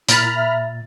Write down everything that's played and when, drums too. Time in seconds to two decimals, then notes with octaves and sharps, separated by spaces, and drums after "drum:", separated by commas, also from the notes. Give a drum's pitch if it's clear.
0.09 A#2 E4 A#5 B5 F6 A6, drum: hi-hat
0.35 E5